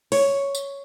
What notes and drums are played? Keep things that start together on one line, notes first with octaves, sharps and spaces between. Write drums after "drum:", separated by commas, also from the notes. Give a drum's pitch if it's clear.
C#5, drum: open hi-hat
drum: tambourine